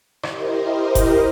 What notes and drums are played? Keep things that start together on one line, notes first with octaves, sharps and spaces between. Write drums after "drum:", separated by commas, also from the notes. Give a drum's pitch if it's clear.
E4 G4 A#4 C5 D#5, drum: rim click
drum: kick F1, hi-hat